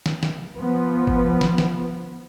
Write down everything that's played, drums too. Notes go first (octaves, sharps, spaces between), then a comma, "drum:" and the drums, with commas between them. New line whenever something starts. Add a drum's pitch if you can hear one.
drum: snare
drum: snare
F3 B3
drum: kick G1
drum: snare
drum: snare